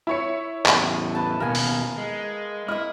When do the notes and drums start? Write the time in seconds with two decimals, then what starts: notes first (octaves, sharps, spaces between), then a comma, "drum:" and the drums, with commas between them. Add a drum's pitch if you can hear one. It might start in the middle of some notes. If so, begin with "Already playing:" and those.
0.07 E4 C#5 C#7
0.66 E2 A2, drum: clap
1.15 B4 A5
1.40 D#2 B2 A#4 F5 G#5
1.55 drum: open hi-hat
1.98 G#3
2.68 E4 D#5 D#6 F6